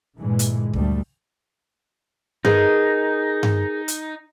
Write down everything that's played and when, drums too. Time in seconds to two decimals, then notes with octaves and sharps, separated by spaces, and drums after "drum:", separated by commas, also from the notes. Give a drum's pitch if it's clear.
0.18 G2 A#2 D3 E3 G#3
0.39 drum: hi-hat
0.73 D2 G3 A3, drum: kick
2.45 D#4 G#4 A#4 B4, drum: tom G2
3.43 drum: tom G2
3.88 drum: hi-hat